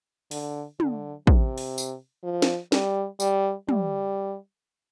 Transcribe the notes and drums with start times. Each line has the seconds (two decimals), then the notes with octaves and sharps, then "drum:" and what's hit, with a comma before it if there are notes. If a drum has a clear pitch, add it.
0.31 D3, drum: open hi-hat
0.80 D3, drum: tom
1.27 C3, drum: kick
1.58 drum: open hi-hat
1.78 drum: tambourine
2.23 F3
2.42 drum: snare
2.72 G3, drum: snare
3.20 G3, drum: tambourine
3.69 G3, drum: tom